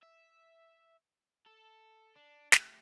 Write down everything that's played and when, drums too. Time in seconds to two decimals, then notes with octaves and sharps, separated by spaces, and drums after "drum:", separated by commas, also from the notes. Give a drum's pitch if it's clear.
0.03 E5
1.47 A4
2.16 D4
2.52 A3 G4, drum: snare